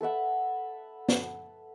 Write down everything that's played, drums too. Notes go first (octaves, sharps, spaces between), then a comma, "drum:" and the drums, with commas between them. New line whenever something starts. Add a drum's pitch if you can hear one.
A4 B4 E5 F#5
drum: snare